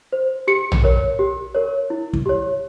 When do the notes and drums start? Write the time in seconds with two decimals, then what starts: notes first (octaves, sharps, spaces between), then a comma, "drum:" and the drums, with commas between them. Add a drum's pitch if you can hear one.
0.13 C5
0.48 G4 C#7
0.72 drum: tom A#1
0.84 A#4 C#5
1.19 G4
1.55 A#4 C#5
1.90 E4
2.13 drum: kick
2.26 G4 C#5